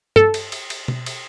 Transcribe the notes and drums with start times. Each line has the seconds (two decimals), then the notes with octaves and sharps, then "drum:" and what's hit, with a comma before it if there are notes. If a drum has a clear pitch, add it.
0.16 A4, drum: tom G2
0.34 drum: cymbal
0.52 drum: cymbal
0.70 drum: cymbal
0.88 drum: tom B2
1.06 drum: cymbal